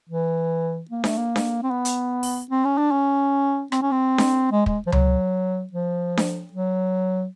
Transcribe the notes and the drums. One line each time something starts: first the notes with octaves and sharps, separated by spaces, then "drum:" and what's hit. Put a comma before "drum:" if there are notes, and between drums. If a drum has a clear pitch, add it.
E3
A#3
A3, drum: snare D4
A#3
drum: snare D4
C4
B3
drum: hi-hat
drum: open hi-hat
C4
C#4
D4
C#4
C4, drum: rim click
C#4
C4
drum: snare D4
G#3
G#3, drum: kick
F3
F#3, drum: tom C#2
F3
drum: snare D4
F#3